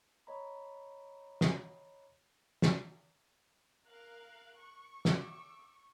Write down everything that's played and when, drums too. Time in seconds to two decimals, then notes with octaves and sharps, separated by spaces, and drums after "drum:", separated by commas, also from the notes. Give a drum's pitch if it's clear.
0.27 C#5 D#5 A#5 B5
1.41 drum: snare
2.62 drum: snare
3.87 A#4 F5 F#6
4.58 C#6
5.05 D6 E6, drum: snare